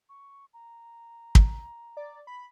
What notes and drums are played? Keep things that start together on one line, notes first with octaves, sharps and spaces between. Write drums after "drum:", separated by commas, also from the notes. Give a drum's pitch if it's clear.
C#6
A#5
drum: kick
D5
B5